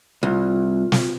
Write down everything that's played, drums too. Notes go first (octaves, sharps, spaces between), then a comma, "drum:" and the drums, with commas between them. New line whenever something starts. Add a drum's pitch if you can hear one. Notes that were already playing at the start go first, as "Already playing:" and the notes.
C2 F4
drum: snare